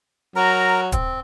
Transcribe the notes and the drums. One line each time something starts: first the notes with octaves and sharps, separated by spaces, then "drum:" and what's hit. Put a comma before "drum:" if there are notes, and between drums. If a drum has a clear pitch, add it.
F#3 A#4 A#5
C4, drum: kick, hi-hat